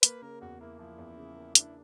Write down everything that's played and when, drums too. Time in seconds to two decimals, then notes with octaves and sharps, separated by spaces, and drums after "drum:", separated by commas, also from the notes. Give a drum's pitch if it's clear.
0.03 A#3 B4, drum: hi-hat
0.22 C#3 A#4
0.42 E2 F#4
0.60 A#3 E4
0.79 F3 E4
0.98 E2
1.18 C#3
1.36 A#3
1.55 D4 E4, drum: hi-hat